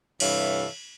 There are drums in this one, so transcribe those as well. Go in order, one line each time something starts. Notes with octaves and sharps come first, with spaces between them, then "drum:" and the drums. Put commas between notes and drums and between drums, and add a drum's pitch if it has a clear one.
G2 C3 E3 A4 C#5 F5, drum: cymbal